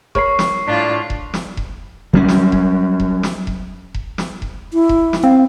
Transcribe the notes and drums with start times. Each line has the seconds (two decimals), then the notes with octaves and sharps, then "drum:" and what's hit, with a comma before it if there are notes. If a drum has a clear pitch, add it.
0.15 A#4 C#5 B5 C#6 C7, drum: kick E1
0.39 drum: snare
0.68 A2 D4 F4 B6
1.10 drum: kick E1
1.34 drum: snare
1.57 drum: kick E1
2.13 F#3 G3 C#4
2.28 drum: snare
2.52 drum: kick E1
3.00 drum: kick E1
3.23 drum: snare
3.47 drum: kick E1
3.94 drum: kick E1
4.18 drum: snare
4.42 drum: kick E1
4.73 E4
4.89 drum: kick E1
5.13 drum: snare
5.24 C4 F5